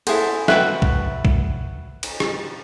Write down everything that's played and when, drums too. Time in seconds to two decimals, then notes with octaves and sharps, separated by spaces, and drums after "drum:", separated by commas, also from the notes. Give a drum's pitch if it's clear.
0.07 E4 G#4 A4 C5 F#5, drum: cymbal
0.48 F#4 B4 E5 G5 F#6, drum: snare
0.82 drum: kick
1.25 drum: kick
2.03 drum: cymbal
2.20 drum: rim click